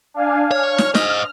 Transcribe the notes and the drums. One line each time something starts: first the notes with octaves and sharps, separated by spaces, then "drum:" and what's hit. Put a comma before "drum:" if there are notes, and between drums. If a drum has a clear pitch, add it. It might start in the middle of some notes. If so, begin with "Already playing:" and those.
D4 F5 G#5
C#5 F6
drum: snare
C5 D#5, drum: snare